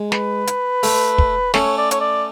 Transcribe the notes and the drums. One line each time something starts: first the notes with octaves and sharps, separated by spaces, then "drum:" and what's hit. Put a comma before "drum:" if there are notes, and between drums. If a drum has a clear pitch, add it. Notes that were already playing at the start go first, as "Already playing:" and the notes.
Already playing: G#3
B4, drum: snare
drum: hi-hat
A3, drum: open hi-hat
drum: kick
A3 C#4 C#5, drum: snare
D5
C#5, drum: hi-hat
D5